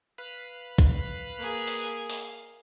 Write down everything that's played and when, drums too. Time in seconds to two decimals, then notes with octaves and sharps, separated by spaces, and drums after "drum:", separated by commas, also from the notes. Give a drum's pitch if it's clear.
0.18 B4 F5 B5
0.78 drum: kick
1.39 A#3 G#4
1.67 drum: open hi-hat
2.09 F5, drum: open hi-hat